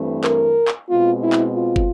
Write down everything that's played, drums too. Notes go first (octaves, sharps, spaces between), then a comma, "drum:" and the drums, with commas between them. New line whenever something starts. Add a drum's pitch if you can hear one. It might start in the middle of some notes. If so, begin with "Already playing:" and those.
Already playing: G2 E3 A3 C4
A#4, drum: clap
drum: clap
B2 G#3 C4 F4
E4
drum: clap
F4
drum: kick